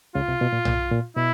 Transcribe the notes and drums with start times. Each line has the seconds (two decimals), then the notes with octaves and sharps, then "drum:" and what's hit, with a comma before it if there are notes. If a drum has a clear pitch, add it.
0.15 C#2 C#3 F4
0.28 C2 C3
0.41 B2
0.53 A#2
0.65 A#2, drum: tom B1
0.91 A#2
1.16 B2 E4